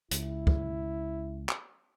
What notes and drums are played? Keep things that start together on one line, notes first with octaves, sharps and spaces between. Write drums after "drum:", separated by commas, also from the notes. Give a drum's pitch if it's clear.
C#2 E4, drum: hi-hat
drum: kick
drum: clap